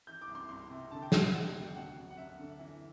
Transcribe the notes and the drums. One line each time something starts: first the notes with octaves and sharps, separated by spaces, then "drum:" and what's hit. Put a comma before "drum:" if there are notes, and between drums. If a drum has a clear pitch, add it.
E3 G6
D6
C2
C6
C2 C6
C3
D3 A5
G5
E1 F#5, drum: snare
F#5
E1 F#5
D2 G5
G5
F#3 F#5
F#2
F#5
F#2 E5
D3
E3